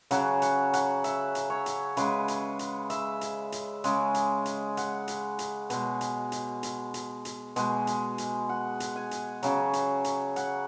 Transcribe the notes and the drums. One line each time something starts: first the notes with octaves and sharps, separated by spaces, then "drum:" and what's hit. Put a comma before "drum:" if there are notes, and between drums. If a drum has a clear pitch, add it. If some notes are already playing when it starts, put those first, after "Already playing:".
C#3 F#3 F#5, drum: hi-hat
F#5, drum: hi-hat
F#5, drum: hi-hat
E5, drum: hi-hat
drum: hi-hat
C#5
drum: hi-hat
C#3 G#3 B4, drum: hi-hat
drum: hi-hat
drum: hi-hat
E5, drum: hi-hat
drum: hi-hat
drum: hi-hat
C#3 G#3, drum: hi-hat
drum: hi-hat
drum: hi-hat
F#5, drum: hi-hat
drum: hi-hat
drum: hi-hat
B2 G#3, drum: hi-hat
drum: hi-hat
drum: hi-hat
drum: hi-hat
drum: hi-hat
drum: hi-hat
B2 G#3, drum: hi-hat
drum: hi-hat
drum: hi-hat
F#5
drum: hi-hat
G#5
drum: hi-hat
C#3 F#3, drum: hi-hat
drum: hi-hat
drum: hi-hat
F#5, drum: hi-hat